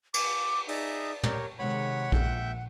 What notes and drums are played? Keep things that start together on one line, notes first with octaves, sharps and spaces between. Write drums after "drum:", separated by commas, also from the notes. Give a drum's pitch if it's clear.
D6, drum: cymbal
D#4 G#4 D5 E5, drum: open hi-hat
G4 A#4 C#5, drum: tom
C3 D#3 G#3 C#5 F#5 B5
A#1 A#2 E5 G5, drum: kick A#1